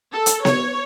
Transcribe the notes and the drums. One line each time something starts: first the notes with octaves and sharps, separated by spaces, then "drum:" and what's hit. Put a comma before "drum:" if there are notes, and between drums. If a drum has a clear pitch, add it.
A4
drum: hi-hat
C#5, drum: snare B3